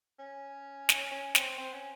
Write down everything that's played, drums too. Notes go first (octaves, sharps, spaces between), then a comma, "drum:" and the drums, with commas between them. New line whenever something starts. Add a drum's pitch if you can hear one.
C#4
drum: snare
C#4
C4, drum: snare
C4
C#4